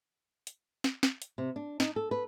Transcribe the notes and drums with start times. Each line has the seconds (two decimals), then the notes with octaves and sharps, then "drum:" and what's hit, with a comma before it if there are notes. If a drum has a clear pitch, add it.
0.47 drum: hi-hat
0.84 drum: snare
1.03 drum: snare
1.22 drum: hi-hat
1.38 C3
1.56 D4
1.80 D#4, drum: snare
1.96 A4
2.11 B4